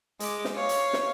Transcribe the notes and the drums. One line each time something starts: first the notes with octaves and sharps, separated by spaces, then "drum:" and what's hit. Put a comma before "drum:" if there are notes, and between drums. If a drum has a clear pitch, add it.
G#3 D6, drum: hi-hat
drum: snare
C#5 F5
drum: hi-hat
drum: snare